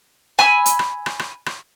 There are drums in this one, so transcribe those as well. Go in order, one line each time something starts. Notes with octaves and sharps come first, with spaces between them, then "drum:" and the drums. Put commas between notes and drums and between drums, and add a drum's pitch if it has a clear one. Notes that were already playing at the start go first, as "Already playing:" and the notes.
G#5 B5 E6, drum: rim click
drum: hi-hat
drum: rim click
drum: rim click
drum: rim click
drum: rim click